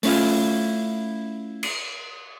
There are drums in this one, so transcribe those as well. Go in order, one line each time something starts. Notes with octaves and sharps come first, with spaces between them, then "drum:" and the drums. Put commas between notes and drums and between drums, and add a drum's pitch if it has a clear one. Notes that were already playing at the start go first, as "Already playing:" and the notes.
A3 C#4 E4 F4, drum: open hi-hat
drum: cymbal